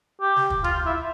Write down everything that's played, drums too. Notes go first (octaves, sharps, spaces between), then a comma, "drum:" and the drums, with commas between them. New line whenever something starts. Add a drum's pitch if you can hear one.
G4
drum: snare
drum: kick
F4, drum: tom D2
E4